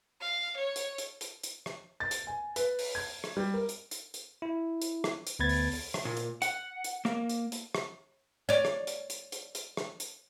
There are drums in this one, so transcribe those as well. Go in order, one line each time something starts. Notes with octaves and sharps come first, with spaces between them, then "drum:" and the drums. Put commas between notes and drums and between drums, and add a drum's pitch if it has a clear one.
F5
C#5
drum: hi-hat
drum: hi-hat
drum: hi-hat
drum: hi-hat
drum: rim click
A6
drum: hi-hat
G#5
B4, drum: hi-hat
drum: open hi-hat
G#6
drum: rim click
G3
A#4
drum: hi-hat
drum: hi-hat
drum: hi-hat
E4
drum: hi-hat
drum: rim click
drum: hi-hat
D2 B3 B4 B5 G#6 A6
drum: open hi-hat
drum: open hi-hat
drum: rim click
A#2
drum: hi-hat
F#5, drum: hi-hat
drum: hi-hat
A#3, drum: rim click
drum: hi-hat
drum: hi-hat
drum: rim click
C#5 D5
drum: rim click
drum: hi-hat
drum: hi-hat
drum: hi-hat
drum: hi-hat
drum: rim click
drum: hi-hat